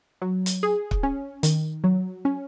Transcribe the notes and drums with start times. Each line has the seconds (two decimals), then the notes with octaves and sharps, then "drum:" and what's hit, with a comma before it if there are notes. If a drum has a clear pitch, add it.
0.22 F#3
0.46 drum: hi-hat
0.63 G#4
0.91 drum: kick
1.03 C#4
1.43 D#3, drum: hi-hat
1.84 F#3
2.25 C#4